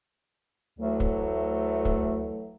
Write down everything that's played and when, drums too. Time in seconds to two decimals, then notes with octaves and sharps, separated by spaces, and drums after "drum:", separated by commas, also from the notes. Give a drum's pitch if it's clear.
0.79 D2 E3 F#3 A3
1.00 drum: kick
1.85 drum: kick